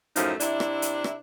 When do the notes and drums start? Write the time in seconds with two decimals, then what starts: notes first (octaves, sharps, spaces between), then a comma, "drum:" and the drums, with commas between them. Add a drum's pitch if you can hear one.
0.16 F#2 A2 F3 A3 D#4, drum: hi-hat
0.40 C3 D4 E4, drum: hi-hat
0.60 drum: rim click
0.82 drum: hi-hat
1.04 drum: rim click